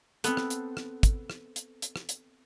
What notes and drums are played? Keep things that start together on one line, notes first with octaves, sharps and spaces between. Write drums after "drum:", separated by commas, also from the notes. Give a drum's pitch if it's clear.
B3 C4 A4, drum: hi-hat
drum: rim click
drum: hi-hat
drum: rim click
drum: kick, hi-hat
drum: rim click
drum: hi-hat
drum: hi-hat
drum: rim click
drum: hi-hat